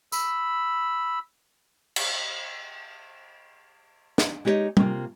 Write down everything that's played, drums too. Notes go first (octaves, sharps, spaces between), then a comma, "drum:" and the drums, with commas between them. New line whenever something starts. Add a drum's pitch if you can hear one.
B5 E6, drum: tambourine
drum: cymbal
drum: snare
G#3 D#4 G4 G#4 C#5 D#5
C3 A#3 F4, drum: tom